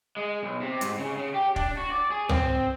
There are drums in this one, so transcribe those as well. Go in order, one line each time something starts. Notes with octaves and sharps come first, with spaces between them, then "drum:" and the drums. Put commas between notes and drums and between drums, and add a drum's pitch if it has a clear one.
G#3
B1
C3
G#2, drum: hi-hat
C#3
C#3
G4
D4, drum: kick
F#4
D5
G#4
C4, drum: tom C#2